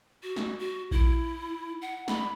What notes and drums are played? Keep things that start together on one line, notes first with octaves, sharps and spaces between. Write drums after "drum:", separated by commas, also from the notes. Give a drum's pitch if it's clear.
F#4
drum: snare
F#4
E4, drum: kick A#1
F#5
B5, drum: snare